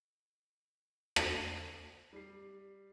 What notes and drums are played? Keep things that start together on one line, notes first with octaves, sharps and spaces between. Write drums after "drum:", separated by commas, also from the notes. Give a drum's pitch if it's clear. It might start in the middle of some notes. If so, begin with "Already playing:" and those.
drum: rim click
G3 C7